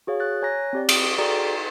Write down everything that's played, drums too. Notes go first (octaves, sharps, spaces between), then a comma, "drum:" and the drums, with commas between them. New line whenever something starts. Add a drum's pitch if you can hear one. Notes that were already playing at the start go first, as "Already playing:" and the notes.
F#4 G#4 C#5 F5
F#6 A6
C#5 G#5 A#5 F#6 A#6
C4 G4 D5
D#6, drum: cymbal
F#4 G#4 A4 D5 G5 A#5